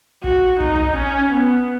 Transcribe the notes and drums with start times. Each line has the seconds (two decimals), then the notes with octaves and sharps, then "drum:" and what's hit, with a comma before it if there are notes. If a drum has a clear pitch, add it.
0.24 F#4, drum: kick
0.60 D#4, drum: kick
0.75 drum: kick
0.97 C#4
1.33 B3